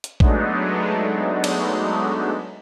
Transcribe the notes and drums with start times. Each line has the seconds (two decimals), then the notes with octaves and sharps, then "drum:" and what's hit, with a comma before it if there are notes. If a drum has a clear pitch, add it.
0.04 drum: hi-hat
0.20 F#3 G#3 A3 B3 D4 D#4, drum: kick A1
1.44 drum: cymbal